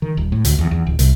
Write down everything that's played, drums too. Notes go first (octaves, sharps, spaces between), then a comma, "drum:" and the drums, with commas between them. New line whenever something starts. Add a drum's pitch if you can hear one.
D#3
D#1
A2
D2, drum: hi-hat
E2
E2
D1
C2, drum: hi-hat